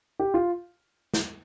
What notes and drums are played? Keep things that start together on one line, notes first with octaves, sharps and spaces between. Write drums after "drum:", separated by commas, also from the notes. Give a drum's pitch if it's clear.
G4
F4
drum: snare